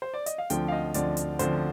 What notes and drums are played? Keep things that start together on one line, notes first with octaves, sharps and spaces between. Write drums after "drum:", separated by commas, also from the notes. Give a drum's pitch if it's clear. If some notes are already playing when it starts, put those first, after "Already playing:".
C5
D5
D#5, drum: hi-hat
F5
D2 D3 F3 C4 G5, drum: hi-hat
F5
D#5
D2 D3 F3 C4 D5, drum: hi-hat
drum: hi-hat
D2 D3 F3 C4 C5, drum: hi-hat